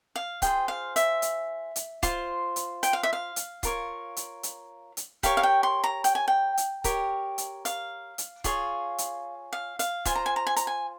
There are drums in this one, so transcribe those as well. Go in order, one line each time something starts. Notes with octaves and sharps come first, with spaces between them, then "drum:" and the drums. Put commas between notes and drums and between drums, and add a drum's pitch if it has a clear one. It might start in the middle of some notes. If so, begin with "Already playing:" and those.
F5
F4 G#4 C5 G5, drum: kick C#1, hi-hat
F5
E5, drum: hi-hat
drum: hi-hat
drum: hi-hat
F4 C5, drum: kick C#1, hi-hat
drum: hi-hat
G5, drum: hi-hat
F5
E5
F5
drum: hi-hat
F4 A#4 C#5, drum: kick C#1, hi-hat
drum: hi-hat
drum: hi-hat
drum: hi-hat
G4 A#4 C#5 F5, drum: kick C#1, hi-hat
F5
G5
C6
A#5
G5, drum: hi-hat
G#5
G5
drum: hi-hat
G4 A#4 C#5, drum: kick C#1, hi-hat
drum: hi-hat
F5, drum: hi-hat
drum: hi-hat
F4 G#4 C#5, drum: kick C#1, hi-hat
drum: hi-hat
F5
F5, drum: hi-hat
F4 C5 G#5, drum: kick C#1, hi-hat
A#5
G#5
A#5
G#5
A#5, drum: hi-hat
G#5